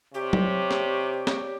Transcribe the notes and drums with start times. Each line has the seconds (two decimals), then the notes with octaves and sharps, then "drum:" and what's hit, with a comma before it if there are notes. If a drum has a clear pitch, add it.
0.14 C3 G4 C#5 D5 C#6
0.33 drum: tom F#3
0.71 drum: snare
1.27 drum: snare